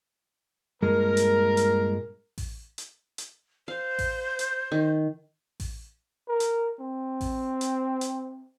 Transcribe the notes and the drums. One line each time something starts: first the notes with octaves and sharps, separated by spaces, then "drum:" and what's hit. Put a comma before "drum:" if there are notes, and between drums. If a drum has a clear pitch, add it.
G2 A#2 G#3 A#4
drum: hi-hat
drum: hi-hat
drum: kick A1, open hi-hat
drum: hi-hat
drum: hi-hat
C5 F5
drum: kick A1, open hi-hat
drum: hi-hat
D#3
drum: kick A1, open hi-hat
A#4
drum: hi-hat
C4
drum: kick A1, open hi-hat
drum: hi-hat
drum: hi-hat